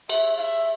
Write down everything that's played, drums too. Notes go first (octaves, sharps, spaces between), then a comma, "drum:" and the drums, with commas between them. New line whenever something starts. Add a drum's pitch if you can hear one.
E5, drum: cymbal
F5
E5